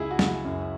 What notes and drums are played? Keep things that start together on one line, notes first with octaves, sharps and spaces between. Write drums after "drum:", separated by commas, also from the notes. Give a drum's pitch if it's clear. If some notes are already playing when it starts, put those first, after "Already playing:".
Already playing: C#2 E4 G#4
F#4
C#2, drum: snare
F#4
F#2